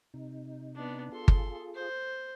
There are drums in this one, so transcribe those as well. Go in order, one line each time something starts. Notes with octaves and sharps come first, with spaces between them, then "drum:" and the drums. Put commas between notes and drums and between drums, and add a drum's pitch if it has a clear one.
C3 D#4
B3 D4
F4 G#4 A4 C6
drum: kick G1
C5